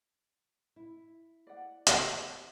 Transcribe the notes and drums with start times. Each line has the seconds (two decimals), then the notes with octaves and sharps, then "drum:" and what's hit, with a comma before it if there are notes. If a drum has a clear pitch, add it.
0.76 E4
1.47 D5 F#5
1.87 drum: hi-hat